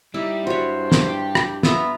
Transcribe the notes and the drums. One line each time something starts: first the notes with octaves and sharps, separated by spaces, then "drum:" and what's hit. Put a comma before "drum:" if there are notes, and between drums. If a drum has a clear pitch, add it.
G3 D#4 E4
G2 F#4 C5 C#5
G4, drum: snare
drum: rim click
B3 F4 E5 A#5, drum: snare